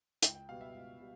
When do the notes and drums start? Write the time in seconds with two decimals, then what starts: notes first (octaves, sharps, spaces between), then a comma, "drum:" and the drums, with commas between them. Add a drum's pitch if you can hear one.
0.23 C#2 G5, drum: hi-hat
0.35 G5
0.49 B2 G3 B3 F5
0.61 E5
0.74 C#2
1.00 B2 G3